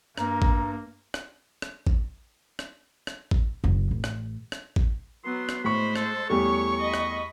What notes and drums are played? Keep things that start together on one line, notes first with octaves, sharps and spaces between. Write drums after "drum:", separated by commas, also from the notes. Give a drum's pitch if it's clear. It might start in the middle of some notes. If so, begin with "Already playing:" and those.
G2 A#3 A#5, drum: rim click
drum: kick A1
drum: rim click
drum: rim click
drum: kick A1
drum: rim click
drum: rim click
drum: kick A1
F#1
A1
drum: rim click
drum: rim click
drum: kick A1
F#3 B3 C6
drum: rim click
A2 G#3 C5 B5 C#6
A4, drum: rim click
E2 G3 A3 C#5 C#6
D#5 B5
drum: rim click